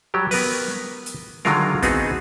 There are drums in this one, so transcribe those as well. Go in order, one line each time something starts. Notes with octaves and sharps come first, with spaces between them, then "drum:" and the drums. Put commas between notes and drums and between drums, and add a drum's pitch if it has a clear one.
F#3 G3 G4
B3 A#4 B4, drum: open hi-hat
drum: snare
drum: hi-hat
D3 D#3 F#3 G#3 F4 A#4, drum: snare
B3 C4 D#4 F#4 G#4, drum: kick, hi-hat